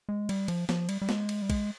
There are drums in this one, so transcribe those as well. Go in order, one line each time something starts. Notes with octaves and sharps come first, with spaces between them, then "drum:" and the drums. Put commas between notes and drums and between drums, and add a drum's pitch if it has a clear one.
G#3
G3, drum: cymbal
F3, drum: cymbal
F3, drum: snare
G3, drum: cymbal
G3
G#3, drum: snare
drum: cymbal
G3
G#3, drum: kick A#1, cymbal